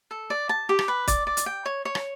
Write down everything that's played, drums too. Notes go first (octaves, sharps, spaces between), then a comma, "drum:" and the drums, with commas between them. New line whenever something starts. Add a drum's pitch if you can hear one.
A4
D5
A5
G4
drum: rim click
B4
D5, drum: kick, hi-hat
D5
drum: hi-hat
G5
C#5
C#5
drum: rim click